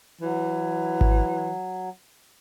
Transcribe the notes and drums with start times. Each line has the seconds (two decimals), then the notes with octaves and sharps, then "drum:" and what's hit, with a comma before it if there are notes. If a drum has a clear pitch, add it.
0.22 E3 F#3
1.01 drum: kick G#1